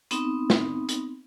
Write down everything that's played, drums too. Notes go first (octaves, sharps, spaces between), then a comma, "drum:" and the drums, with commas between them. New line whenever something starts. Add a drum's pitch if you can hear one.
B3 C4 D#4, drum: hi-hat
drum: snare
drum: hi-hat